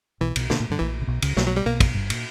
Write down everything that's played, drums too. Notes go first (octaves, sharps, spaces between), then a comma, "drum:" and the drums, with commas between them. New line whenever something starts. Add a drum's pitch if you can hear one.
B1 B2 E3
B1 B2, drum: cymbal
B2 D3, drum: snare
A#2
G2 D3
A#1 A#2 E3
C#3
B1 B2
C#2 C#3, drum: cymbal
B1 B2 F#3, drum: snare
F#3
G3
B1 B2 A#3
drum: kick, cymbal
G1 G2
A#2, drum: cymbal